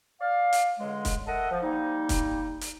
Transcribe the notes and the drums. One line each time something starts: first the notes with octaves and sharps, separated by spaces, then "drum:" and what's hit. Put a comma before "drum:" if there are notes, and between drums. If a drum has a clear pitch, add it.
D5 F5
drum: hi-hat
C#2 D3 G#3
drum: kick, hi-hat
A4 A#4 D#5 E5 F#5
F3
G3 A#3 D#4
drum: kick, hi-hat
drum: hi-hat